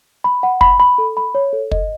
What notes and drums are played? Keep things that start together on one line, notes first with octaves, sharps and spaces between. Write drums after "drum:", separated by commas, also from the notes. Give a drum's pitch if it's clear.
B5
F#5
B5, drum: kick
B5
A4
B5
C#5
A4
D#5, drum: kick